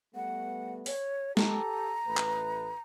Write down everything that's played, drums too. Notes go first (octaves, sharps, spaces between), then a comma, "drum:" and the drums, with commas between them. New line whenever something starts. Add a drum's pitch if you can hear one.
G3 A3 B3 F#5
C#5, drum: open hi-hat
G4 A4 A#5, drum: snare G#3
A1 A3 B4
drum: clap